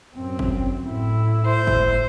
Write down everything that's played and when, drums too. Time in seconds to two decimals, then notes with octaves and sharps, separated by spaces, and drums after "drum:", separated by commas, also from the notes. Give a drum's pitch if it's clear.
0.15 F#2 C4
0.39 drum: kick G1
0.86 A2 E4
1.46 C5
1.67 drum: kick G1